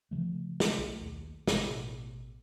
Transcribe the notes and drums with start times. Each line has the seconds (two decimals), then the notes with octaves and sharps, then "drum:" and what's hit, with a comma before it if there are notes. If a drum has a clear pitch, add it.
0.11 C#3 E3 F3 A3
0.60 drum: snare
0.78 B1 A3
1.01 D#2
1.47 A1 B2, drum: snare